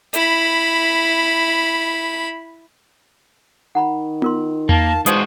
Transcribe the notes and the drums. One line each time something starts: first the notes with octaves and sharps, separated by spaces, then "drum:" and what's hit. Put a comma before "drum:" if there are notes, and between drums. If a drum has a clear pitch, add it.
E4 B5, drum: hi-hat
D#3 F#5 A#5 B5
F4 A#4 C6, drum: tom B3
A#3 F5 A5, drum: tom E2
G#3 D#4 F4 F#4 B4 C5 D#6, drum: hi-hat